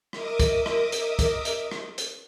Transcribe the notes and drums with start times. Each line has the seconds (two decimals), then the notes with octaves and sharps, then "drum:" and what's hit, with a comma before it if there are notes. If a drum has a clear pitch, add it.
0.13 A#4 D#5 E5 D6 D#6, drum: rim click
0.40 drum: kick, hi-hat
0.66 drum: rim click
0.92 drum: hi-hat
1.19 drum: kick, hi-hat
1.45 drum: hi-hat
1.71 drum: rim click
1.98 drum: hi-hat